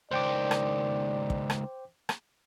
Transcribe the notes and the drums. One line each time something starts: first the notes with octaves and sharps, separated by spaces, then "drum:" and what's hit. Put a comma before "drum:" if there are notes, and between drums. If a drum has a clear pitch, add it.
C#2 D#3 C5 D5 G5 D6
drum: rim click
drum: kick
drum: rim click
drum: rim click